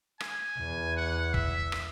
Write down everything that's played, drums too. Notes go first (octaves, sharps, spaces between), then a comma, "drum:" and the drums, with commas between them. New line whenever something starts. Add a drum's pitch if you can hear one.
G#5, drum: rim click
E2
F#5
E5, drum: kick
drum: rim click